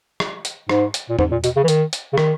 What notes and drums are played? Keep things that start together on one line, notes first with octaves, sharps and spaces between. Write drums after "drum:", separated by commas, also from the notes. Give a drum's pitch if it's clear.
drum: rim click
drum: hi-hat
G#2, drum: rim click
drum: hi-hat
A#2
G#2, drum: tom E2
A#2
B2, drum: hi-hat
C#3
E3
D#3, drum: hi-hat
drum: hi-hat
C#3
D#3, drum: rim click